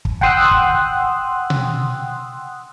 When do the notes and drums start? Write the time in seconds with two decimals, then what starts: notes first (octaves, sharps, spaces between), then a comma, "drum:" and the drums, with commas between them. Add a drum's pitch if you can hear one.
0.05 drum: kick
0.21 F#5 G5 C6 D#6 E6 F#6, drum: kick
0.51 drum: kick
1.50 drum: tom B2